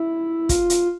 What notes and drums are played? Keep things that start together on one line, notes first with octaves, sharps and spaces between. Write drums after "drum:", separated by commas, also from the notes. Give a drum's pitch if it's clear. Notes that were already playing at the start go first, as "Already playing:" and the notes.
Already playing: E4
F4, drum: kick, hi-hat
drum: hi-hat